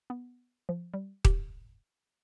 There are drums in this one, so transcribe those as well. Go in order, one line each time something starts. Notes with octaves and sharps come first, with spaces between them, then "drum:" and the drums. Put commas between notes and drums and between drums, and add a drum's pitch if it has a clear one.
B3
F3
G3
G4, drum: kick D#1